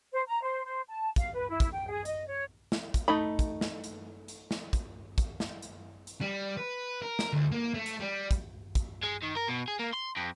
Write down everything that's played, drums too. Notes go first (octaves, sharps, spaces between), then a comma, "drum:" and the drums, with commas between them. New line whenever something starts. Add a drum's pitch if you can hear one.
C5
A#5
C5
C5
A5
F5, drum: kick, hi-hat
B4
E4
drum: kick, hi-hat
G5
G#4
D#5, drum: hi-hat
C#5
drum: snare
drum: kick, hi-hat
A3 D#4 B5
drum: kick, hi-hat
drum: snare
drum: hi-hat
drum: hi-hat
drum: snare
drum: kick, hi-hat
drum: kick, hi-hat
drum: snare
drum: hi-hat
drum: hi-hat
G3
B4
A#4
drum: snare
D2
A#3
A3
drum: hi-hat
G3
drum: kick, hi-hat
drum: kick, hi-hat
G#3
D#3
A#4
B2
G#4
A#3
C6
F2